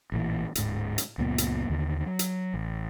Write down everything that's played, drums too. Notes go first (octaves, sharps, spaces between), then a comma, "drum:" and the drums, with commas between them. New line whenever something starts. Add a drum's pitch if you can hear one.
A1 A#2 E3
D1 G#2, drum: hi-hat
drum: hi-hat
C#2 F#2 A#2 B3
drum: hi-hat
D#2 D3
F#3
drum: hi-hat
A1